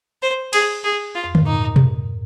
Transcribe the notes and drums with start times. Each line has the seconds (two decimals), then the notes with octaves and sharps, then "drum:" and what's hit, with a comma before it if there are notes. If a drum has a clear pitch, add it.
0.22 C5
0.53 G#4, drum: cymbal
0.84 G#4
1.15 F4
1.24 F2
1.35 G#2, drum: tom D3
1.45 A#2 D#4
1.76 drum: tom B2